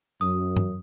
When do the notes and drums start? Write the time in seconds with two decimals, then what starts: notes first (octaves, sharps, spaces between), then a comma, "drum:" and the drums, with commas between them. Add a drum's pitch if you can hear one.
0.21 F#2 D#6, drum: tambourine
0.57 drum: tom G2